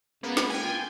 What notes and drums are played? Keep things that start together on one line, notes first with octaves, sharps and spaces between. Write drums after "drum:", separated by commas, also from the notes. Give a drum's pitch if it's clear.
C#2 A#3 B3
B5, drum: snare
G5 G#5
F4